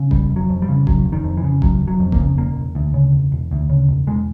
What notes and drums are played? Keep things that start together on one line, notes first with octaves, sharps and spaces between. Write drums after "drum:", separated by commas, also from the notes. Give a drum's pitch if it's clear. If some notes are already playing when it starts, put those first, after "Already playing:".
Already playing: C#3
F1 G3, drum: kick D#1
F1
F#3
F2
G3
C#3
F1 F#3, drum: kick D#1
F1
D#3
F2
E3
C#3
F1 F#3, drum: kick D#1
F1
F#3
F2
A#3, drum: kick D#1
C#3
E1 A#3
E1
D2
C#3
E1
E1
D2
C#3
E1
E1 G#3